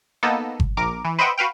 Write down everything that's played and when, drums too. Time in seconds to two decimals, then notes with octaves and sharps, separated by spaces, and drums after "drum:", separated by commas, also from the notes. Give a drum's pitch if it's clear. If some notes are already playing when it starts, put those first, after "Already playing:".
0.23 A#3 B3 D#4 A4
0.60 drum: kick G1
0.77 A#1 A#4 D6
1.05 E3
1.19 B4 C5 D#5 E5 F#5 G5
1.38 F#4 B4 F5 G5